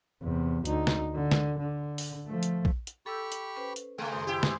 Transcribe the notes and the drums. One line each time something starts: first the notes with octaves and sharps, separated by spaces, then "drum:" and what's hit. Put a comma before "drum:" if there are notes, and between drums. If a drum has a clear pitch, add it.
E2 C3
D2 D#4, drum: hi-hat
drum: snare
D3
drum: snare
D3
drum: open hi-hat
F3 A3
drum: hi-hat
drum: kick A#1
drum: hi-hat
G4 A4 B5 C#6 E6 G6
drum: hi-hat
C#4 B4 C5
drum: hi-hat
C#3 G#3 A3 G5 G#5 B5 F#6
F#2 D#3 G#4 C5
E4 G4 G5
drum: snare